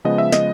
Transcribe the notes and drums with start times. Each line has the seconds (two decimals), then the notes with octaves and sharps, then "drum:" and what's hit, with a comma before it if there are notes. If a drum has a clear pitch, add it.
0.04 C#3 F3 G#3 B3 D#5
0.18 E5
0.32 D#5, drum: snare